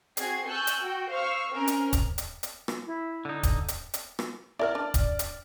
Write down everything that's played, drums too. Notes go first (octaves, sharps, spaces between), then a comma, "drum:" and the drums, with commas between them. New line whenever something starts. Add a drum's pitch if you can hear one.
C4 F#4 G#4 G#6 C7, drum: hi-hat
G#5 A5 C#6 E6 F#6 G6
drum: hi-hat
F#4 G5
C5 F5 C#6 E6 F6
C4 C#4 A#4 F6
drum: hi-hat
drum: kick, hi-hat
drum: hi-hat
drum: hi-hat
drum: rim click
E4
D3 D#4
drum: kick, hi-hat
drum: hi-hat
drum: hi-hat
drum: rim click
E4 A#4 D5 F#5 F6
D4
drum: kick, hi-hat
drum: hi-hat